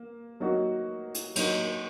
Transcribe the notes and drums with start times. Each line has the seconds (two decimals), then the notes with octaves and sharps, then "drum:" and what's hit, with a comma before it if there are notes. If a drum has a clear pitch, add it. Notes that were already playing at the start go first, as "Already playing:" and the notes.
Already playing: A#3
0.40 F#3 A#3 D#4 F#4
1.15 drum: hi-hat
1.36 F#3 A#3 D#4 F#4, drum: cymbal